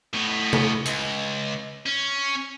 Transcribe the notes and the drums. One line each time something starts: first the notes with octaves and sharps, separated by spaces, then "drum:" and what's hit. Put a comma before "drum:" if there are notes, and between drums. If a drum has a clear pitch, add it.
A2 B3
drum: tom C3
C#2, drum: hi-hat
C#4